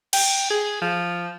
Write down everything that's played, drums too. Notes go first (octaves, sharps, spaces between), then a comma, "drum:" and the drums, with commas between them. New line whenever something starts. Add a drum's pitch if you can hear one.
G5, drum: cymbal
G#4
F3